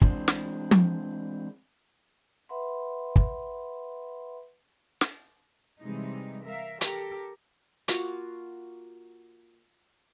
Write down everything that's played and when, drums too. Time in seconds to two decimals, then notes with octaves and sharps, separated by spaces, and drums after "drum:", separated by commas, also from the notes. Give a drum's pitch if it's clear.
0.02 E3 G#3 C4 D4, drum: kick
0.28 drum: snare
0.71 drum: tom
2.49 B4 E5 F#5 B5 C6
3.16 drum: kick
5.01 drum: snare
5.81 C3 E3 G3 G#3 D#4
6.44 A#4 E5 F5
6.81 G4 A4 A#4, drum: hi-hat
7.88 A#3 F4 F#4 F5, drum: hi-hat